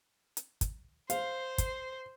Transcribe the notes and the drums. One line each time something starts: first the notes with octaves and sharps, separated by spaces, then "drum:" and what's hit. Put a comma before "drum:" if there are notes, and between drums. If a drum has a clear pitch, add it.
drum: hi-hat
drum: kick, hi-hat
C5 F5, drum: hi-hat
drum: kick, hi-hat